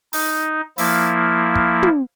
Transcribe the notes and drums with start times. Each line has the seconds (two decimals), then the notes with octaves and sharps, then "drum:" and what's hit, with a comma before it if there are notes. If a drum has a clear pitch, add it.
0.13 D#4, drum: open hi-hat
0.78 F3 A#3 E4, drum: open hi-hat
1.55 drum: kick
1.83 drum: tom